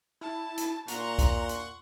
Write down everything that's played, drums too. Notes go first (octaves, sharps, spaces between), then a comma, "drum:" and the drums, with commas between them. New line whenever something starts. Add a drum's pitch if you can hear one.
E4 A5
drum: hi-hat
A#2 F#5 A#5 C6 C#6, drum: hi-hat
drum: kick B1, hi-hat
drum: hi-hat